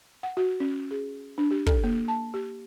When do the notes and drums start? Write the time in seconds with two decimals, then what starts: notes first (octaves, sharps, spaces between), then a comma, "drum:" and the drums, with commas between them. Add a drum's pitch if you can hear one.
0.23 F#5
0.37 F#4
0.60 C#4
0.91 G#4
1.38 D4
1.51 G4
1.66 A4, drum: kick
1.84 A#3
2.08 A5
2.34 G4